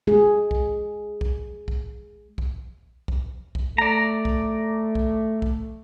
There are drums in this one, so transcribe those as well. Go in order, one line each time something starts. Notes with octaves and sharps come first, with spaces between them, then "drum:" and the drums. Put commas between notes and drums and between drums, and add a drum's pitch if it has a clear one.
G#3 G#4
drum: kick B1
drum: kick B1
drum: kick B1
drum: kick B1
drum: kick B1
drum: kick B1
A3 D5 A#5
drum: kick B1
drum: kick B1
drum: kick B1